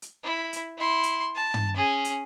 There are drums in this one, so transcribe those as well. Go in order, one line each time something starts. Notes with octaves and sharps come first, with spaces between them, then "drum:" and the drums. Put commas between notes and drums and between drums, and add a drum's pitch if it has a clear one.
drum: hi-hat
E4
drum: hi-hat
E4 C6
drum: hi-hat
A5
drum: tom
C#4 G#4
drum: hi-hat